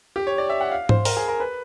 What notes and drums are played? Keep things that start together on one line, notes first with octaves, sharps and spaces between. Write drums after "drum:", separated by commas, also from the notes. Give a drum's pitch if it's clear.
G4
C#5
D5
E5
F#5
F5
C5, drum: tom G#2
A#4, drum: open hi-hat
G#4
A#4
B4